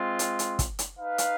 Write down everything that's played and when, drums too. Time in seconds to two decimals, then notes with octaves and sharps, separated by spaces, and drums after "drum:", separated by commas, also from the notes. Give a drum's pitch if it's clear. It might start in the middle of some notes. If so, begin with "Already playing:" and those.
Already playing: G#3 C4 F4
0.19 drum: hi-hat
0.39 drum: hi-hat
0.59 drum: kick, hi-hat
0.79 drum: hi-hat
0.98 D#4 B4 F5
1.18 drum: hi-hat